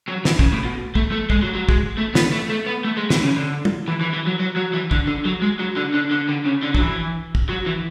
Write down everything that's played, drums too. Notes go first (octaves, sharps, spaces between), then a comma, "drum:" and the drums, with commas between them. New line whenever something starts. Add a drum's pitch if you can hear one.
F#3
E3, drum: snare
C#3, drum: kick
A2
B2
A3, drum: kick
A3
G#3, drum: kick
F#3
F#3
G#3, drum: kick
A3
B3, drum: snare
A3
A3
B3
A3
G#3
E3, drum: snare
C#3
D3
drum: tom
E3
E3
E3
F#3
F#3
F#3
E3
D3, drum: kick
D3
F#3
G#3
F#3
D3
D3
D3
D3
C#3
D3
F#3, drum: kick
E3
drum: kick
F#3
E3